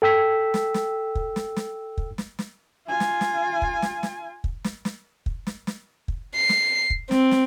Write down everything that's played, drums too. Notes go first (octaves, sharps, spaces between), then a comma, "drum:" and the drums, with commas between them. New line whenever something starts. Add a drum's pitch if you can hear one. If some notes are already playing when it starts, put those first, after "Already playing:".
A4 G5 E6 B6
drum: snare
drum: snare
drum: kick
drum: snare
drum: snare
drum: kick
drum: snare
drum: snare
F4 G#5
drum: snare
drum: snare
drum: kick
drum: snare
drum: snare
drum: kick
drum: snare
drum: snare
drum: kick
drum: snare
drum: snare
drum: kick
C7
drum: snare
drum: kick
C4, drum: snare
drum: snare